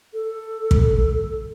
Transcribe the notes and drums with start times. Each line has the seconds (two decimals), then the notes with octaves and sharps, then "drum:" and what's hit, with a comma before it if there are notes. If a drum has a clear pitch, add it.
0.13 A4
0.71 drum: kick